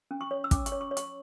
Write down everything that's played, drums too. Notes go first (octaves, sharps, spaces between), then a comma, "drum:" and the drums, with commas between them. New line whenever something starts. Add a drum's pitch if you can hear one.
C#4
C#6
C#5
E6
C#4 D6, drum: kick, hi-hat
C#6, drum: hi-hat
C#5
C#6
C#5
C#6, drum: hi-hat